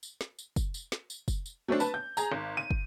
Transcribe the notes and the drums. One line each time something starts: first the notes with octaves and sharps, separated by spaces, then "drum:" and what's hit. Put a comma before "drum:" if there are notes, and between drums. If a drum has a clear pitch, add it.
drum: tambourine
drum: snare
drum: tambourine
drum: kick, tambourine
drum: tambourine
drum: snare
drum: tambourine
drum: kick, tambourine
drum: tambourine
F#3 A3 C4 D4
B4 A5, drum: tambourine
G6
G#4 A#5, drum: tambourine
G#1
D#7
drum: kick